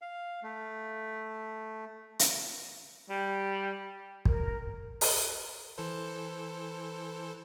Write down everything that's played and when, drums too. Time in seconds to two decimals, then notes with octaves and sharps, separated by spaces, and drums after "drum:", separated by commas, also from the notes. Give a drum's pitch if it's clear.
0.02 F5
0.43 A3
2.19 drum: hi-hat
3.09 G3
4.25 A#4, drum: kick
5.01 drum: open hi-hat
5.78 E3 A4 C5